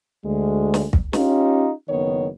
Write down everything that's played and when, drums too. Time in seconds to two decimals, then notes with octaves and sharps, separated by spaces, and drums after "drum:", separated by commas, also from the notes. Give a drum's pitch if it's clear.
0.25 D2 G#3
0.74 drum: snare
0.93 drum: kick
1.13 C#4 D#4 F4 G4, drum: snare
1.89 F#1 D#3 B3 C#5